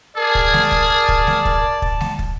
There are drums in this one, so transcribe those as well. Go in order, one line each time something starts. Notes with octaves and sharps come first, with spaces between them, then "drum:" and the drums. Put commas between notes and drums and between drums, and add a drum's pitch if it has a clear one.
G#4 A#4 D5 A5
drum: kick
drum: snare G#3
drum: kick
drum: kick
drum: snare G#3
drum: kick
drum: kick
drum: snare G#3
drum: kick